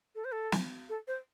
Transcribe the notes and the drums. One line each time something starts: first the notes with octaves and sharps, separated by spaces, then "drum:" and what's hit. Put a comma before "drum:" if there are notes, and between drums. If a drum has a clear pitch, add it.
A4
C5
A4
drum: snare
A4
C5